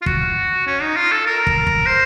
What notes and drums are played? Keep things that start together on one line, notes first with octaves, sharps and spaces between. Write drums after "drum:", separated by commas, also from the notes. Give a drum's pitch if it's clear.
F4
F#4, drum: kick
C#4
D#4
F4
A4
A#4
drum: kick
drum: kick
C5